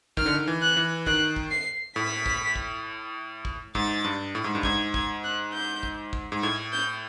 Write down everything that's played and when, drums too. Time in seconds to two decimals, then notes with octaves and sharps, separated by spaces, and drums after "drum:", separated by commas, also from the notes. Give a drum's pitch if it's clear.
0.17 D#3 F6, drum: kick
0.26 D3
0.34 D#3
0.48 E3
0.62 F#6
0.77 E3
1.06 D#3 F#6, drum: kick
1.36 drum: kick
1.51 C7
1.96 A2 B6
2.26 drum: kick
2.56 drum: kick
3.45 drum: kick
3.75 G#2 A6, drum: kick
4.04 G2
4.35 A2
4.44 G#2
4.55 G2
4.63 G#2 G#6, drum: kick
4.94 G#6, drum: kick
5.24 F#6
5.53 G6
5.83 drum: kick
6.13 drum: kick
6.32 G#2
6.42 A2 G#6
6.72 G6